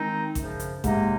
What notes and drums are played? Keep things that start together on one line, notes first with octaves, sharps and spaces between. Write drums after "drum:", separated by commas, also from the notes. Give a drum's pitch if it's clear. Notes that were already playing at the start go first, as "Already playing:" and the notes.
Already playing: D#3 G#3 C4 D#4
F#2 C#3 F3, drum: kick A1, hi-hat
drum: hi-hat
G#2 C3 F#3 A#3 D#4, drum: kick A1, hi-hat